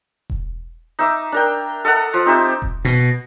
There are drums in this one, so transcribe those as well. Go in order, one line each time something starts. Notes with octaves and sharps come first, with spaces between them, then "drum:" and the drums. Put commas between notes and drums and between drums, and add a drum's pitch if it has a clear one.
drum: kick E1
D#4 E5 D6
D4 A#4 G5
A4 D#5 F5 F#5
F3
C4 D#4 G4 E5
drum: kick E1
B2